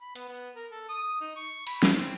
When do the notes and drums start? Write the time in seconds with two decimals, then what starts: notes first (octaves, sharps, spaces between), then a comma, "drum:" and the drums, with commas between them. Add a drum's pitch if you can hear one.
0.01 B5
0.16 B3, drum: hi-hat
0.28 B3
0.56 A#4
0.71 A4
0.89 D#6
1.21 D#4
1.36 C#6
1.67 B5, drum: cymbal
1.83 drum: snare
1.97 C4